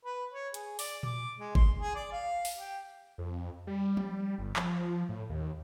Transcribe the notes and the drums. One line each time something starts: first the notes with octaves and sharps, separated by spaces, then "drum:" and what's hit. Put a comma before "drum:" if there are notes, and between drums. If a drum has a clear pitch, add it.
B4
C#5
G#4, drum: hi-hat
D5, drum: open hi-hat
D6, drum: tom A#2
G#3
C6, drum: kick G1
G#4
D5
F5
drum: open hi-hat
G4
F2
G3
drum: tom F3
G1
F3, drum: clap
A2
D#2